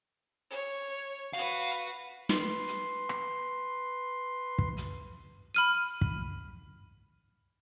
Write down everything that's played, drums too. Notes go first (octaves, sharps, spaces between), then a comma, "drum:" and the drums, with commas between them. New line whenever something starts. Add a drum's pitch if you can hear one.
C#5
F#4 B4 F5
B4 C6, drum: snare
drum: hi-hat
drum: rim click
drum: kick
drum: hi-hat
B5 F6 D#7
drum: kick